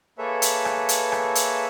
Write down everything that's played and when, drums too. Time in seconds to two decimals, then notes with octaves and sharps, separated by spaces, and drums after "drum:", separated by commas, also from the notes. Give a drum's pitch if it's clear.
0.18 A#3 G#4 A4 B4 C#5 E5
0.42 drum: hi-hat
0.65 drum: rim click
0.89 drum: hi-hat
1.12 drum: rim click
1.35 drum: hi-hat